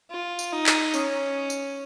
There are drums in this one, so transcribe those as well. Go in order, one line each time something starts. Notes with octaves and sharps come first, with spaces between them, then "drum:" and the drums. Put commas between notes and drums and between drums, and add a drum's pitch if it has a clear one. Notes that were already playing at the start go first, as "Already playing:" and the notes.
F4
drum: tambourine
D#4
drum: clap
C#4, drum: tambourine
drum: tambourine